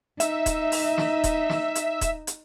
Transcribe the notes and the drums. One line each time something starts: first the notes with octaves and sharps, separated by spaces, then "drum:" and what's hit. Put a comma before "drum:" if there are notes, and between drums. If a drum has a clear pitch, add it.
D#4 E5, drum: hi-hat
drum: kick D#1, hi-hat
drum: open hi-hat
drum: snare
drum: kick D#1, hi-hat
drum: snare
drum: hi-hat
drum: kick D#1, hi-hat
drum: hi-hat